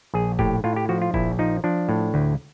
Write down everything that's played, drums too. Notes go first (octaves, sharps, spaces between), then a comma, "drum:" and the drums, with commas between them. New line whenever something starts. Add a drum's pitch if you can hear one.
A#1 G#4
A2 G4, drum: kick F1
A2 F4
G4
F3 F#4
F4
A#1 E4, drum: kick F1
F3 D#4
F3 D4
A2
D2